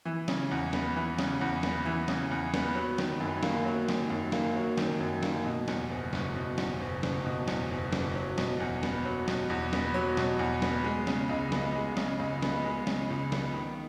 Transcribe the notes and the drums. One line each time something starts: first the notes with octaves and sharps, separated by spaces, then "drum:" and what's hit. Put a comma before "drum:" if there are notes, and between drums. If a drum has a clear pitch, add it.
E3
C#3, drum: snare
E2
B3, drum: snare
E3
C#3, drum: snare
E2
B3, drum: snare
E3
C#3, drum: snare
E2
B3, drum: snare
F#3
D#3, drum: snare
F#2
A#3, drum: snare
F#3
D#3, drum: snare
F#2
A#3, drum: snare
F#3
D#3, drum: snare
F#2
A#3, drum: snare
B2
E2, drum: snare
F#1
F#1, drum: snare
B2
E2, drum: snare
F#1
F#1, drum: snare
B2
E2, drum: snare
F#1
F#1, drum: snare
F#3
B2, drum: snare
E2
B3, drum: snare
F#3
B2, drum: snare
E2
B3, drum: snare
F#3
B2, drum: snare
E2
B3, drum: snare
G#3
C#3, drum: snare
C#2
B3, drum: snare
G#3
C#3, drum: snare
C#2
B3, drum: snare
G#3
C#3, drum: snare
C#2
B3, drum: snare
D#3